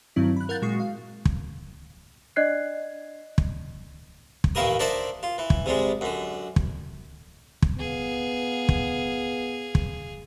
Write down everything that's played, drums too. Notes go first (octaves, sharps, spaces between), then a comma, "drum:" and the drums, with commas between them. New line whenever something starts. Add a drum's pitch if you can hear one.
G2 D#3 F#3 C4 E4
B5 F#6
A#4 F5 F#5 F#6 G6 A6
A#2 G#3 F#4 C#6 C7
F5
drum: kick
D4 D5 D#5 F#6 G#6 C7
drum: kick
drum: kick
A1 D#3 A#3 E4 A#4 D#6
D4 D#4 A#4 C5 D5 E5
F4
E3
drum: kick
C3 G3 G#3
F#2 D3
drum: kick
drum: kick
B3 G#4 F5
drum: kick
drum: kick